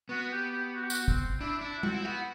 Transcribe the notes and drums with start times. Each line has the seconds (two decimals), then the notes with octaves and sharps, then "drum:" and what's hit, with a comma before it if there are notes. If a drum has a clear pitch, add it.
0.09 B3 F#4
0.32 G4
0.53 G4
0.75 F#4
0.83 G4
0.90 F#4, drum: tambourine
1.08 C4, drum: kick
1.40 D4 E4
1.61 D4 E4
1.83 C4 F#4, drum: tom G#3
1.94 E4
2.05 B3 F#4